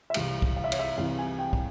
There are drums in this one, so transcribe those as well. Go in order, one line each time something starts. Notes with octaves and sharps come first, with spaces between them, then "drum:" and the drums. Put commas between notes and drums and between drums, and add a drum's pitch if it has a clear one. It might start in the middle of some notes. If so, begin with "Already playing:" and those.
E5
C2 C3 E3 G3 F5, drum: cymbal
drum: kick
F5
E5
C#5, drum: cymbal
E5
C2 C3 E3 F5
G#5
G5
drum: kick